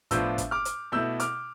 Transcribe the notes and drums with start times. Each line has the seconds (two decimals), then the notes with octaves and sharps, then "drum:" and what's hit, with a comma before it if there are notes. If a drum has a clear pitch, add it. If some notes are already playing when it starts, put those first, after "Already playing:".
0.11 A2 F3 B3 D4 F4 E6 G6, drum: kick, hi-hat
0.38 drum: kick, hi-hat
0.51 D6 F6
0.65 drum: hi-hat
0.92 B2 A3 E4 E6 G6
1.20 D6 F6, drum: hi-hat